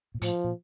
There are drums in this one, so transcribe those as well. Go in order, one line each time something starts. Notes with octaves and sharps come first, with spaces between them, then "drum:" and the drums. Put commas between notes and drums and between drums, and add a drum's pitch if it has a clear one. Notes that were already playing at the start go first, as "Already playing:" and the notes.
A#2
A2 F3, drum: hi-hat
A#2